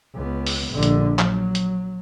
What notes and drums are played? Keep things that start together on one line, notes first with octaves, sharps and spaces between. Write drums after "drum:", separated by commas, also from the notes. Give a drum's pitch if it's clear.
C#2 B3
drum: open hi-hat
A#1 D3
drum: hi-hat
F#3, drum: clap
drum: hi-hat